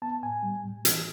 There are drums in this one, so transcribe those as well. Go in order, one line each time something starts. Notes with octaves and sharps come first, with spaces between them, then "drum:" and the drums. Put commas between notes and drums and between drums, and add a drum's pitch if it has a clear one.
B3 A5
A2 G#5
G3
A2
E3, drum: hi-hat